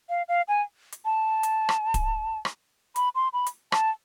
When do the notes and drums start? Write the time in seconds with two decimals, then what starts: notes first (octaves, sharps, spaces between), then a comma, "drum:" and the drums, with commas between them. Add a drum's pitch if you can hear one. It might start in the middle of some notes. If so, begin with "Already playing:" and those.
0.09 F5
0.28 F5
0.48 G#5
0.92 drum: hi-hat
1.05 A5
1.43 drum: hi-hat
1.69 drum: rim click
1.94 drum: kick D1, hi-hat
2.45 drum: rim click
2.96 B5, drum: hi-hat
3.15 C6
3.33 B5
3.47 drum: hi-hat
3.72 A5, drum: rim click